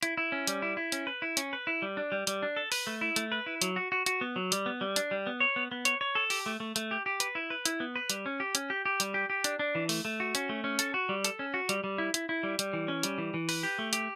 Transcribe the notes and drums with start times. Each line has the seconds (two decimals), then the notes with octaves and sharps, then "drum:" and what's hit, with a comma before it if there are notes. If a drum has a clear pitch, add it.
0.03 E4, drum: hi-hat
0.17 E4
0.32 C#4
0.47 G3, drum: hi-hat
0.62 E4
0.77 E4
0.92 C#4, drum: hi-hat
1.07 B4
1.22 E4
1.37 C#4, drum: hi-hat
1.53 B4
1.67 E4
1.82 G3
1.97 D4
2.12 G3
2.27 G3, drum: hi-hat
2.43 D4
2.56 A4
2.72 B4, drum: open hi-hat
2.87 A3
3.01 E4
3.16 A3, drum: hi-hat
3.32 B4
3.46 E4
3.62 F#3, drum: hi-hat
3.76 F#4
3.92 F#4
4.06 F#4, drum: hi-hat
4.21 B3
4.36 F#3
4.52 G3, drum: hi-hat
4.66 B3
4.81 G3
4.96 D4, drum: hi-hat
5.11 G3
5.27 B3
5.40 C#5
5.56 B3
5.72 B3
5.85 C#5, drum: hi-hat
6.01 C#5
6.15 A4
6.30 G4, drum: open hi-hat
6.46 A3
6.60 A3
6.76 A3, drum: hi-hat
6.91 G4
7.06 G4
7.20 B4, drum: hi-hat
7.35 E4
7.50 B4
7.66 E4, drum: hi-hat
7.80 B3
7.96 B4
8.10 G3, drum: hi-hat
8.26 C#4
8.40 G4
8.55 C#4, drum: hi-hat
8.70 G4
8.85 G4
9.00 G3, drum: hi-hat
9.14 G4
9.30 G4
9.44 D4, drum: hi-hat
9.59 D4
9.75 E3
9.89 A3, drum: open hi-hat
10.05 A3
10.20 F#4
10.35 C#4, drum: hi-hat
10.49 A3
10.64 C#4
10.79 A4, drum: hi-hat
10.94 F#4
11.09 G3
11.24 A4, drum: hi-hat
11.39 C#4
11.54 F#4
11.69 G3, drum: hi-hat
11.84 G3
11.98 E4
12.14 E4, drum: hi-hat
12.29 E4
12.43 G3
12.59 G3, drum: hi-hat
12.73 E3
12.88 C#4
13.03 G3, drum: hi-hat
13.18 E3
13.34 E3
13.49 B4, drum: open hi-hat
13.63 G4
13.79 A3
13.93 G4, drum: hi-hat